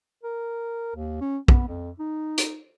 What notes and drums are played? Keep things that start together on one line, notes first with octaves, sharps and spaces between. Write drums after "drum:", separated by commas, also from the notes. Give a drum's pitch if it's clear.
A#4
D#2
C#4
B3, drum: kick
F2
D#4
drum: hi-hat